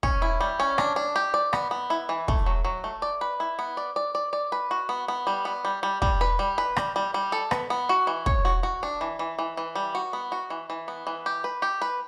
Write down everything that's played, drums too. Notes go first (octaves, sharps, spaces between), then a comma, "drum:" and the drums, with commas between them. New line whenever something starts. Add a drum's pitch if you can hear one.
C#4, drum: kick
E4
G3
C#4
D4, drum: rim click
D4
G4
D5
B3, drum: rim click
B3
E4
E3
A3, drum: kick
F#3
F#3
A3
D5
B4
E4
B3
D5
D5
D5
D5
B4
F#4
B3
B3
G3
B3
G3
G3
G3, drum: kick
B4
G3
B4
G3, drum: rim click
G3
G3
A4
B3, drum: rim click
B3
F#4
E3
C#5, drum: kick
F#4
F#4
D4
E3
E3
E3
E3
G3
F#4
B3
F#4
E3
E3
B3
E3
G4
B4
G4
B4